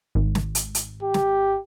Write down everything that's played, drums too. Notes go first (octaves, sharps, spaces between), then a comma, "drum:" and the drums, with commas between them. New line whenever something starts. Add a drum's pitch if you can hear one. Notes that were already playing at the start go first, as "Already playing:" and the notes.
G#1
drum: snare
drum: hi-hat
drum: hi-hat
G4
drum: snare